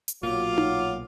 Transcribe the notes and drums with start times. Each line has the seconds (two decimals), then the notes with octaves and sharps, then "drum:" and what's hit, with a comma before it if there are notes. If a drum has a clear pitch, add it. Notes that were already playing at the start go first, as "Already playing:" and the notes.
0.08 drum: hi-hat
0.23 B1 A#2 F#3 F4 F5 D6
0.58 drum: tom D#4